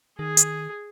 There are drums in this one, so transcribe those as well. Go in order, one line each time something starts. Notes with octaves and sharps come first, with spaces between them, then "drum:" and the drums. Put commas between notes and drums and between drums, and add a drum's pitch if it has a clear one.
D#3 G#4
drum: hi-hat